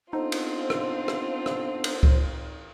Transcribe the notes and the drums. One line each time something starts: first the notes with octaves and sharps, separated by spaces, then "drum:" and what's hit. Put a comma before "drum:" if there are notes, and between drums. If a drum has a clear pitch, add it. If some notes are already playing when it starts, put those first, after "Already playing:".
B3 C4 D4 D#4 F4 A4 C5
drum: cymbal
drum: rim click
drum: rim click
drum: rim click
drum: cymbal
drum: kick C#2